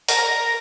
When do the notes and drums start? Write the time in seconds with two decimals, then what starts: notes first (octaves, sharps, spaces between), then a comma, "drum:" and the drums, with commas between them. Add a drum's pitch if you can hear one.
0.09 A#4, drum: open hi-hat